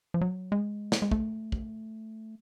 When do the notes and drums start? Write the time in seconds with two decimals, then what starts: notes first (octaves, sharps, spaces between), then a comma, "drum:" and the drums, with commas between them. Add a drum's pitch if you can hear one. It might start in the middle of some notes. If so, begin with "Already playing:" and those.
0.14 F3
0.21 F#3
0.52 G#3
0.92 drum: snare
1.02 G#3
1.11 A3, drum: kick
1.52 drum: kick